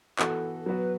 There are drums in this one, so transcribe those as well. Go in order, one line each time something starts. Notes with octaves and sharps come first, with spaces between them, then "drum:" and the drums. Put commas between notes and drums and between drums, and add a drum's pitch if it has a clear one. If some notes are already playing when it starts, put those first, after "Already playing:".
E3 B3 F#4 A4, drum: clap
F#3 B3 F#4 B4